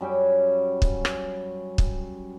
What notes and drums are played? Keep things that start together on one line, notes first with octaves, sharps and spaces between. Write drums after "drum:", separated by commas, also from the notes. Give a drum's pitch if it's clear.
F#2 G3 C#4 G5
drum: kick
drum: rim click
drum: kick